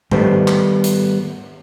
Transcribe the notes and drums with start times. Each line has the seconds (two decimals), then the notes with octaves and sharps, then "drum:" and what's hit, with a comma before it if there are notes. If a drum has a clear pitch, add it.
0.11 D#3 G3 A3 B3 C5, drum: tom G#2
0.48 drum: clap
0.84 drum: hi-hat